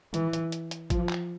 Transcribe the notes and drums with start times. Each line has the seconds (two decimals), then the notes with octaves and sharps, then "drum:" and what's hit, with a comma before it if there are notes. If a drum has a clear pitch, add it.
0.14 E3, drum: hi-hat
0.33 drum: hi-hat
0.52 drum: hi-hat
0.71 drum: hi-hat
0.90 F3, drum: kick, hi-hat
1.09 drum: clap